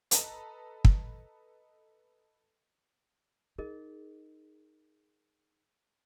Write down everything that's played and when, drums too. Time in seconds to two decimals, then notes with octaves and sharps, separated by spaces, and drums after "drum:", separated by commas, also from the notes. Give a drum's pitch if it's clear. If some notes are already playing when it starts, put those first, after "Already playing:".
0.11 A4 B4 D#5 A#5, drum: hi-hat
0.85 drum: kick
3.58 D#4 G#4 A#4 D#5